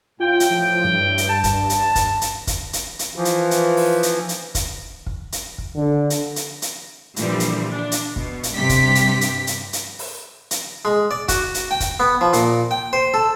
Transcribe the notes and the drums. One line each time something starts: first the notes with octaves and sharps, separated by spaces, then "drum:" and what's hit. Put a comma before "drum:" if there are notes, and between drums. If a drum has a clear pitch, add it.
A2 F4 G5
drum: hi-hat
F3
G2
drum: hi-hat
A5
drum: kick, hi-hat
drum: hi-hat
drum: kick, hi-hat
drum: hi-hat
drum: kick, hi-hat
drum: hi-hat
drum: hi-hat
E3 F3
drum: hi-hat
drum: hi-hat
drum: open hi-hat
drum: hi-hat
drum: hi-hat
drum: kick, hi-hat
drum: kick
drum: hi-hat
drum: kick
D3
drum: hi-hat
drum: hi-hat
drum: hi-hat
A#2 D3 E3 F3 G3, drum: hi-hat
drum: hi-hat
D4
drum: hi-hat
B2, drum: kick
drum: hi-hat
G2 C3 G4 B6
drum: kick, hi-hat
drum: hi-hat
drum: hi-hat
drum: hi-hat
drum: hi-hat
drum: open hi-hat
drum: hi-hat
G#3
D5
F#4, drum: kick, hi-hat
drum: hi-hat
G5
drum: kick, hi-hat
B3
F3
A#2, drum: hi-hat
G5
C5
A4